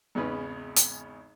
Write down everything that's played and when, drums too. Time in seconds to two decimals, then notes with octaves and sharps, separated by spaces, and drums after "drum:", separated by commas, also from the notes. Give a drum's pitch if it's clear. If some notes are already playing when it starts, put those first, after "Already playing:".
0.15 G#1 E2 C#3 D#4 B4
0.76 drum: hi-hat